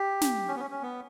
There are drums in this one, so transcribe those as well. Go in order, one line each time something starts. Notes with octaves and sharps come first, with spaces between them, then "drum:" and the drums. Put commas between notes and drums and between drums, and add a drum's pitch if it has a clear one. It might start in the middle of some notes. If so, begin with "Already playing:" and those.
Already playing: G4
drum: snare
C#4
B3
C#4
C#4
B3